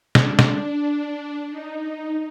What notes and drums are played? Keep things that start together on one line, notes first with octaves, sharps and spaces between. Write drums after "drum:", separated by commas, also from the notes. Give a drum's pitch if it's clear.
D4, drum: snare
drum: snare
D#4